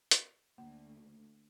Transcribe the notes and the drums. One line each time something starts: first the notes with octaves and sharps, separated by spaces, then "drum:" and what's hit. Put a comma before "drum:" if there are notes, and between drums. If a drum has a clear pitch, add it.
drum: hi-hat
D2 A#3